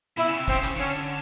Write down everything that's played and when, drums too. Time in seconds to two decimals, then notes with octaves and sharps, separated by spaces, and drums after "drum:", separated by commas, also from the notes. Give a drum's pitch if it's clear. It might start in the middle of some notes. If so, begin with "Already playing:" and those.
0.17 B2 E4, drum: hi-hat
0.27 C#3
0.38 C3
0.48 C#3 C4, drum: kick, hi-hat
0.64 drum: clap
0.76 D#3
0.79 D3 C#4, drum: hi-hat
0.95 drum: hi-hat